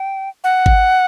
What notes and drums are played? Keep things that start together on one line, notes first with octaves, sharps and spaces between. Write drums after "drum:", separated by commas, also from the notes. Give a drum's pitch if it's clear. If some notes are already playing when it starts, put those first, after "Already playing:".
Already playing: G5
F#5
drum: kick G#1